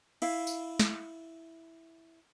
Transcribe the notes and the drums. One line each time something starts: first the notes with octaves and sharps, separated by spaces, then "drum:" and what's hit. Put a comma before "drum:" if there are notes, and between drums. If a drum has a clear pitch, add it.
E4 F5, drum: cymbal
drum: tambourine
drum: snare